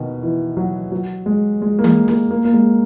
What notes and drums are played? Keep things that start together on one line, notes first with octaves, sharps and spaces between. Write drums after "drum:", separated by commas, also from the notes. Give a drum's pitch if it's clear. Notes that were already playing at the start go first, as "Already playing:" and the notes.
Already playing: B2 D#3
E3
F#3
F#3
G#3
G#3
A#3
G#3, drum: tom E3
A#3, drum: snare
A#3
A#3
G#3